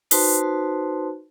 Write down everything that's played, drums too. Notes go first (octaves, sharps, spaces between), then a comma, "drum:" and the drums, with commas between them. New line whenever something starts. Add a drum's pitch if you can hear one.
D#4 F#4 B4 C5 A5 C6, drum: open hi-hat